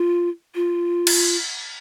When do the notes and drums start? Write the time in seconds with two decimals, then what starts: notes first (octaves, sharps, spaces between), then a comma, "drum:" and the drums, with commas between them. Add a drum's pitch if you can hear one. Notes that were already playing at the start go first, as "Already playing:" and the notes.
Already playing: F4
0.55 F4
1.07 drum: cymbal